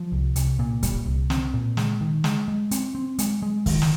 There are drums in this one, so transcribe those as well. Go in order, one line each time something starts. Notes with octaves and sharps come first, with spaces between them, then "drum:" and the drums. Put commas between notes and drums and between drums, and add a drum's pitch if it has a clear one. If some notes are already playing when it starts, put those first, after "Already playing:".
Already playing: F3
C2
C2, drum: hi-hat
A#2
G3, drum: kick, hi-hat
C2
C4, drum: snare
A#2
G#3, drum: snare
D#3
G#3, drum: snare
G#3
C4, drum: hi-hat
C4
G#3, drum: hi-hat
G#3
D#3, drum: kick, open hi-hat
drum: snare